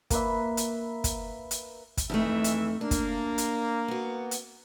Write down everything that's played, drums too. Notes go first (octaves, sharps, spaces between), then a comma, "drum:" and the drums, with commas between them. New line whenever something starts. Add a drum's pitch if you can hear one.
A#3 B4 E5, drum: kick, hi-hat
drum: hi-hat
drum: kick, hi-hat
drum: hi-hat
drum: kick, hi-hat
F2 D#3 E3 G#3 A3 E5
drum: hi-hat
A#3 D4
drum: kick, hi-hat
drum: hi-hat
B3 F#4
drum: hi-hat